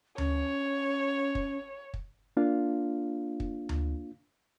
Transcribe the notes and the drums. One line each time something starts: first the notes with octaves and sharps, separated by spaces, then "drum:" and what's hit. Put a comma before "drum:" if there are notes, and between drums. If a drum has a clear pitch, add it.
C#4 C#5, drum: tom D2
drum: kick
drum: kick
A#3 D4 F4 F5
drum: kick
drum: tom D2